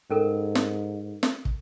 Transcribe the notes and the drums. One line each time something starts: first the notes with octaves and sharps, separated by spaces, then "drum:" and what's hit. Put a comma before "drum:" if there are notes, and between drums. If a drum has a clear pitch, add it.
G#2 C#4 A4 A#4
drum: snare
drum: snare
drum: kick